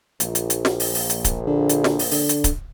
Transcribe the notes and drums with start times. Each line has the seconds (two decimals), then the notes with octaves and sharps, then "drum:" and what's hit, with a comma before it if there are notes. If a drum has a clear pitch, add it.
0.20 A#1, drum: hi-hat
0.35 drum: hi-hat
0.50 drum: hi-hat
0.65 drum: snare
0.80 drum: open hi-hat
0.95 drum: open hi-hat
1.10 drum: hi-hat
1.24 drum: kick C#1, hi-hat
1.46 D3
1.69 drum: hi-hat
1.84 drum: snare
1.99 drum: open hi-hat
2.11 D3, drum: open hi-hat
2.29 drum: hi-hat
2.44 drum: kick C#1, hi-hat